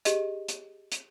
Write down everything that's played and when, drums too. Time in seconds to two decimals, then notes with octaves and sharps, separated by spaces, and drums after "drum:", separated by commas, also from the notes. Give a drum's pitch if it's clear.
0.05 G4 G#4 D#5, drum: hi-hat
0.48 drum: hi-hat
0.92 drum: hi-hat